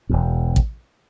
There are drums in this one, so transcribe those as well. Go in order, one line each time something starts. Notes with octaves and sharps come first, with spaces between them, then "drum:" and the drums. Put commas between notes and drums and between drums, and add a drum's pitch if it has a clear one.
E1 E2 B2
drum: kick